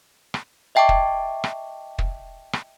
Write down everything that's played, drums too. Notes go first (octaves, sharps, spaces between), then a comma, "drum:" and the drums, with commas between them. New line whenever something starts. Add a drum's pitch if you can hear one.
drum: rim click
D#5 E5 G5 A5 C#6 D6
drum: kick
drum: rim click
drum: kick
drum: rim click